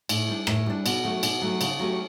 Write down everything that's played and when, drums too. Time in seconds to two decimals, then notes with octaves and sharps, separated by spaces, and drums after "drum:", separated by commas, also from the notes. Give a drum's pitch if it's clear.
0.09 A2, drum: cymbal
0.28 G3 D4
0.47 A2, drum: rim click
0.66 G3 D4
0.86 B2, drum: cymbal
1.05 F#3 A3
1.23 B2, drum: cymbal
1.41 F#3 A3
1.61 C#3, drum: cymbal
1.79 F#3 A3 C#4 G4